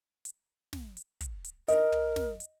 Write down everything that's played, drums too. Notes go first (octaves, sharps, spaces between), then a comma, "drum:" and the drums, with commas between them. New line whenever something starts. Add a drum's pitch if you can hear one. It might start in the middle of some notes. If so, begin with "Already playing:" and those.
drum: hi-hat
drum: snare
drum: hi-hat
drum: kick, hi-hat
drum: hi-hat
A#4 D#5, drum: hi-hat
drum: tom
drum: snare
drum: hi-hat